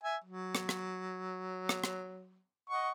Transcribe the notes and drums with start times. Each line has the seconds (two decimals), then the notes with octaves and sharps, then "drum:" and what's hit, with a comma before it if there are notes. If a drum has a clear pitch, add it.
0.04 E5 G#5
0.24 F#3
0.55 drum: rim click
0.69 drum: rim click
1.69 drum: rim click
1.84 drum: rim click
2.70 D#5 F#5 C#6